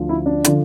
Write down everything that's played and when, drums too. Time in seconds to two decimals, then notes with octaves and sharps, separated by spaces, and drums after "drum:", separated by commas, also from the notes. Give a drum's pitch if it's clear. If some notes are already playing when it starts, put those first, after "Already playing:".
Already playing: D2 D3 F3
0.09 E4
0.26 D4
0.44 D3 F3, drum: hi-hat